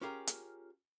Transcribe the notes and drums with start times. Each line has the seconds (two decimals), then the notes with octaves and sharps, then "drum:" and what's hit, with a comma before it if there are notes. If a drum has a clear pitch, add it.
0.01 C#4 F4 G4 G#4 A#4
0.27 drum: hi-hat